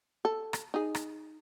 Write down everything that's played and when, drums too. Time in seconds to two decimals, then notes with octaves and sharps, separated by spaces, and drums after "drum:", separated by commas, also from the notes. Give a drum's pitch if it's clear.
0.25 A4
0.53 drum: rim click
0.74 D#4 G#4
0.95 drum: rim click